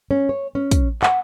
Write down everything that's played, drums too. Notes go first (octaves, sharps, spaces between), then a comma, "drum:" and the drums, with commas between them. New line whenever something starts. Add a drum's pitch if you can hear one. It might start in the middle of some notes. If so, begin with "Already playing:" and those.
C#4
C#5
C#4
drum: kick, hi-hat
F#5, drum: clap